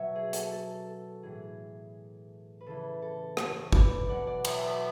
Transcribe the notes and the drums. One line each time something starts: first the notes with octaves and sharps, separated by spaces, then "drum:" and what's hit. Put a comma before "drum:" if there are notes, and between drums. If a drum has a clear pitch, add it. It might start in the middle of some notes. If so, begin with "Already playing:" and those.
Already playing: B2 F#3 C#5 E5
G#4
A4, drum: hi-hat
A4
A4
A2 E3 G#4
B4
C#3 E3 A4
A4
A4 C#5, drum: rim click
B4 D5, drum: kick G1
B2 F#3 D5 F#5
D5 F#5
C#5 E5, drum: cymbal
B4 D5